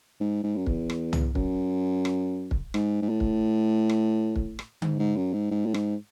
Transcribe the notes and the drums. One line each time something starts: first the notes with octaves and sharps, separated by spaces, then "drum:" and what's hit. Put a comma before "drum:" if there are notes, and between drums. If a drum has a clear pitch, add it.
G#2
G#2
F#2
E2, drum: kick
drum: rim click
drum: tom
F#2, drum: kick
drum: rim click
drum: kick
G#2, drum: rim click
G#2
A2
drum: kick
drum: rim click
drum: kick
drum: rim click
G#2, drum: tom D3
G#2
F#2
G#2
G#2
A2
G#2, drum: rim click